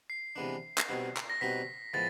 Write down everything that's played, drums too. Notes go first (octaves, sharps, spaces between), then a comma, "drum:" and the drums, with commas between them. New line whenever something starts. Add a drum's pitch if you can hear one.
C7
C3 E3 G#3 B3 D4
drum: clap
B2 G3 C4 D#4 F#4
drum: clap
A#6
B2 G3 C4 D#4 F#4 B6
A2 F3 G#3 B3 A6